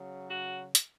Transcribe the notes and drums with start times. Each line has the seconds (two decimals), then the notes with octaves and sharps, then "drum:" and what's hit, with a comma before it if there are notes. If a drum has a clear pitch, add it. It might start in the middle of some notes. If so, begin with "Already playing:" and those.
Already playing: C#3 F#3
0.29 F#4
0.75 drum: hi-hat